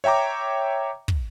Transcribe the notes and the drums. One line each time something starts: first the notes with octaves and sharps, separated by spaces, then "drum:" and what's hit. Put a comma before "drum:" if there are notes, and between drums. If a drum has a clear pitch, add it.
C#5 E5 G5 A#5 D6
drum: kick